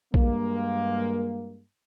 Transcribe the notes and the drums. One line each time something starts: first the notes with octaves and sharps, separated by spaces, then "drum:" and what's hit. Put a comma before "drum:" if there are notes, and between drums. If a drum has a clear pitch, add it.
G2 G#3 A#3, drum: kick A#1